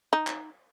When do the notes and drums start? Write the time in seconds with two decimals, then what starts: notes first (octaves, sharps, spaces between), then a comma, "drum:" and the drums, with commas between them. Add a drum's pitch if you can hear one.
0.13 D#4
0.27 drum: clap